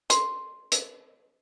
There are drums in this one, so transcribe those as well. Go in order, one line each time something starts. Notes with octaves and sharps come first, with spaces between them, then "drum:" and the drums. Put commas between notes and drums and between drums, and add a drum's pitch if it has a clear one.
C6, drum: hi-hat
drum: hi-hat